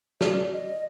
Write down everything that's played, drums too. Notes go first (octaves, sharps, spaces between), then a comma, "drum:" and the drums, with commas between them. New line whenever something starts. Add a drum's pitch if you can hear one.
D5, drum: snare
D#5